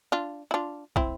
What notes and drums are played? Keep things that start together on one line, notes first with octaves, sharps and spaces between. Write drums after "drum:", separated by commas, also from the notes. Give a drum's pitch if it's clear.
D4 F4
E4
D4 F4
C4 E4, drum: kick